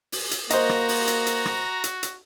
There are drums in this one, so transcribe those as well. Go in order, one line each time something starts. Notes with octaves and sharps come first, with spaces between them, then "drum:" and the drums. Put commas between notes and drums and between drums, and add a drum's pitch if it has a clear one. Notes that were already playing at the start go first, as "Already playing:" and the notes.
drum: open hi-hat
drum: hi-hat
A#3 F#4 C5 D#5 A#5, drum: hi-hat
drum: rim click
drum: open hi-hat
drum: hi-hat
drum: hi-hat
drum: rim click
drum: hi-hat
drum: hi-hat